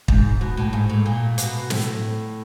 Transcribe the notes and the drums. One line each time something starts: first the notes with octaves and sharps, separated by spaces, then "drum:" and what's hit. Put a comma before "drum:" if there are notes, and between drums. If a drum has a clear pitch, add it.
G#2, drum: kick
B2
A2
G#2
A2
A#2
B2, drum: hi-hat
A2, drum: snare